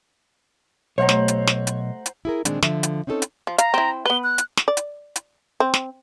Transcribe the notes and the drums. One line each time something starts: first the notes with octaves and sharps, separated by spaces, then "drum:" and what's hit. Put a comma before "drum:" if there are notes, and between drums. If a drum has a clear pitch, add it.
B1 A3 G4 C5 C#5 F#5 A#5
drum: snare
drum: hi-hat
drum: snare
drum: hi-hat
drum: hi-hat
E4 G#4 A#4
A#2 D#3 G#3 C4 D4, drum: hi-hat
D3 F3 E5, drum: snare
drum: hi-hat
C4 C#4 D#4 G4 A4 C#5
drum: hi-hat
F3
F5 A#5, drum: hi-hat
C4 E4
B3 B4 G7
F#6
drum: hi-hat
drum: snare
D5
drum: hi-hat
drum: hi-hat
C4
drum: snare